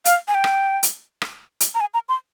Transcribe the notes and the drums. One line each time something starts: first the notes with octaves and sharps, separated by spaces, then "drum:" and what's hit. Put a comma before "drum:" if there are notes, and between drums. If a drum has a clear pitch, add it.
F5, drum: hi-hat
G#5
G5
drum: rim click
drum: hi-hat
drum: rim click
drum: hi-hat
A#5
G#5
A#5
C6